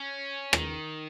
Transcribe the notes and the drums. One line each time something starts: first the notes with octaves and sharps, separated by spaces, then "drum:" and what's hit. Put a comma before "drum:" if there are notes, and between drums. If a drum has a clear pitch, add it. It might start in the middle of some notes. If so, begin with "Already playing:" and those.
Already playing: C#4
D#3, drum: rim click